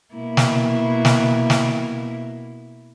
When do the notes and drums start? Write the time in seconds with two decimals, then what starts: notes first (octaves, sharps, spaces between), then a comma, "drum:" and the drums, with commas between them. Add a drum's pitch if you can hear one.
0.15 B2 A#3 E4
0.37 drum: snare
1.05 drum: snare
1.50 drum: snare